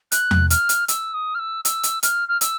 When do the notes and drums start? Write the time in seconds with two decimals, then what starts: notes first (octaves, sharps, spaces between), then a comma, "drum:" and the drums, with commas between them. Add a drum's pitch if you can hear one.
0.12 F#6, drum: hi-hat
0.31 drum: tom E2
0.50 F6, drum: hi-hat
0.69 drum: hi-hat
0.88 E6, drum: hi-hat
1.14 D#6
1.35 F6
1.39 E6
1.65 E6, drum: hi-hat
1.83 drum: hi-hat
2.03 F6, drum: hi-hat
2.28 F6
2.41 E6, drum: hi-hat